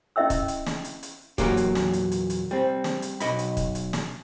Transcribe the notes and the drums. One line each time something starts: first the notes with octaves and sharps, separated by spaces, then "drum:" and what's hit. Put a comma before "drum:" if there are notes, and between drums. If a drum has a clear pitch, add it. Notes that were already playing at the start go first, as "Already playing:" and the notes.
C#4 E4 D#5 E5 G5 E6
drum: kick, hi-hat
drum: hi-hat
drum: snare
drum: hi-hat
drum: hi-hat
E2 G2 A#2 F#3 A#3 G4, drum: kick, hi-hat
drum: hi-hat
drum: snare
drum: hi-hat
drum: hi-hat
drum: hi-hat
G3 C4
drum: snare
drum: hi-hat
B1 D#5 B5, drum: hi-hat
drum: hi-hat
drum: kick, hi-hat
drum: hi-hat
drum: snare